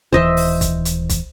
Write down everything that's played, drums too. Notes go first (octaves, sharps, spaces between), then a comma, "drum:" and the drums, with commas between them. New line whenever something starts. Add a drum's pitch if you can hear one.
D#1 E3 C5 D#5 E5
drum: open hi-hat
drum: kick, hi-hat
drum: hi-hat
drum: kick, hi-hat